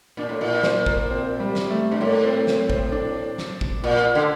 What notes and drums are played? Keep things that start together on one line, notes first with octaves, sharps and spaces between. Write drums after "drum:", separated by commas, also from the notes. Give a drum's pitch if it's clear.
A#2 D4
A2
A#2 E4
C5, drum: snare
A#4, drum: kick
C4
G3
drum: snare
A3
G2
A2 A#3
C4
C4, drum: snare
C4, drum: kick
D4
drum: snare
drum: kick
A#2
D3